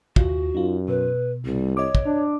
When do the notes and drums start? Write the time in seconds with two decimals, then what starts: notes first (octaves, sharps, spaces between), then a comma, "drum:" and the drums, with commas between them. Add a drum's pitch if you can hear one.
0.16 D#2 F4 F#4, drum: kick
0.55 F#2 D#4 F4
0.88 B2 B4
1.45 C2 G3
1.77 C#5 D#5 D6
1.95 drum: kick
2.06 D4